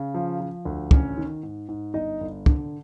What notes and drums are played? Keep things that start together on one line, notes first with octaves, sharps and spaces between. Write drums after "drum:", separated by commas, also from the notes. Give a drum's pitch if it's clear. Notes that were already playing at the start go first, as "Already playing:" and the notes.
Already playing: C#3
F3
F3
D2
A1 C#4 C#5, drum: kick
D#3
G#2
G#2
G1 D#4 D#5
G1
D3, drum: kick